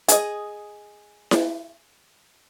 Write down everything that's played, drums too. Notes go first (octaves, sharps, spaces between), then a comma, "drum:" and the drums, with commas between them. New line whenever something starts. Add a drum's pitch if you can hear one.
G#4 D#5, drum: hi-hat
drum: snare E4